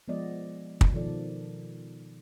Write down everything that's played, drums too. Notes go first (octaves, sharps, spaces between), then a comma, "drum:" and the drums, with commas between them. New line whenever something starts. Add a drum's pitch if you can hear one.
F3 G#3 B3 D5 D#5
drum: kick
B2 D#3 F3 A4 D5